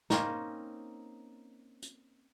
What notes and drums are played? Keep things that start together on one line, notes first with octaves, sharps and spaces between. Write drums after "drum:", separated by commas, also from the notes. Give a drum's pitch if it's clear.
A#3 C4 C#4 D#4, drum: snare
drum: hi-hat